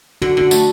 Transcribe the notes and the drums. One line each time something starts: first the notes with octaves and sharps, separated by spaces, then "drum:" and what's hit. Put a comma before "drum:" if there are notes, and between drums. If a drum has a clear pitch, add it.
D3 F#4
D3 F#4
A3, drum: tambourine